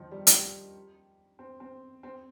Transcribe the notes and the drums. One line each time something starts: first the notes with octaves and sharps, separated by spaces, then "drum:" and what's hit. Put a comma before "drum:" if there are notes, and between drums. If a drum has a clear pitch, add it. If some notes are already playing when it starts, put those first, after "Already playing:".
Already playing: D#3 F3
G3
drum: hi-hat
C4
C4
C4